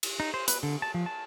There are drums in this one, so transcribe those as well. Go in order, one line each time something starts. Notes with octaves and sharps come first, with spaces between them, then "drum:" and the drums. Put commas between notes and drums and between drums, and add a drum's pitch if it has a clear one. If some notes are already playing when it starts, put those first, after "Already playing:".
drum: cymbal
D#4
C5
B4, drum: hi-hat
D3
A5
F3
A5